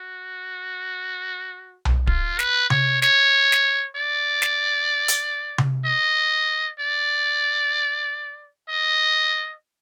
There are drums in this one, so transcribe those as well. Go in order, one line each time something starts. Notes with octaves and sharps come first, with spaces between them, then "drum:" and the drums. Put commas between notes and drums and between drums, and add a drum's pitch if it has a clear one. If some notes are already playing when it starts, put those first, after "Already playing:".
Already playing: F#4
drum: tom B1
F4, drum: kick D1
B4, drum: snare
C#5, drum: tom C3
C#5, drum: snare
drum: snare
D5
drum: snare
drum: hi-hat
drum: tom C3
D#5
D5
D#5